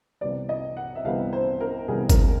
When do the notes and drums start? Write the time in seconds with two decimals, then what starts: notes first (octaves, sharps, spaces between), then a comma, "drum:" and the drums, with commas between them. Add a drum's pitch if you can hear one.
0.21 C2 C3 E3 G3 B3 D5
0.49 D#5
0.77 F#5
0.95 E5
1.05 C2 C3 E3 G3 B3 F5
1.33 C5
1.60 A#4
1.88 C2 C3 E3 G3 B3 G#4
2.10 A#4, drum: kick G1, tambourine